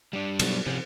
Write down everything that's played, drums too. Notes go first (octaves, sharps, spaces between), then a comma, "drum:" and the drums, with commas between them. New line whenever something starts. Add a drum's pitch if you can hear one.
G3 D4
B2 F#3, drum: cymbal
C3 F3 C#4